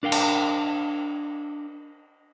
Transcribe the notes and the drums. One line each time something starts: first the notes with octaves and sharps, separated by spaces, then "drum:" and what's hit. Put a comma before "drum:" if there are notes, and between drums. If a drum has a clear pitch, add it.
D4 A#4 F5 G5
drum: cymbal